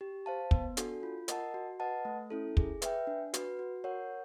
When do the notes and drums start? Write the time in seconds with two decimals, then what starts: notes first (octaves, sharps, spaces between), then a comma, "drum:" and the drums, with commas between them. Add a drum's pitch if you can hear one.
0.01 G4
0.26 C5 F5 A5
0.51 B3, drum: kick
0.77 D4 F#4 A4, drum: hi-hat
1.03 F4
1.28 A#4 D#5 F#5 A5, drum: hi-hat
1.54 F#4
1.80 B4 D#5 F#5 A5
2.05 A3
2.30 C#4 E4 A4
2.57 G#4, drum: kick
2.82 B4 E5 G5, drum: hi-hat
3.07 D4
3.34 F#4 B4, drum: hi-hat
3.59 F#4
3.84 A#4 C#5 F#5